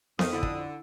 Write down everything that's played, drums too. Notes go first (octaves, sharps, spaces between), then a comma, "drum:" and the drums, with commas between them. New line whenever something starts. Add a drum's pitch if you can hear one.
F2 D#3 D#6, drum: snare B3
D3 E4
drum: kick